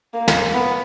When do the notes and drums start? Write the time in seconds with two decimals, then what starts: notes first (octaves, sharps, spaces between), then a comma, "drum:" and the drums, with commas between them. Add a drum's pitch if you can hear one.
0.14 A#3
0.28 drum: snare
0.54 B3